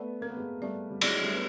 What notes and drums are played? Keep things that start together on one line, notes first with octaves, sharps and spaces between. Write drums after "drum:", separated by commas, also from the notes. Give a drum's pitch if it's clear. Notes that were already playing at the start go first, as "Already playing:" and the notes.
Already playing: A3 B3 D5
A#3 A#4
B3
G#3 A#3
G3 A3 D5
G3
F#3 G#3 D5, drum: cymbal
G3 A3
B3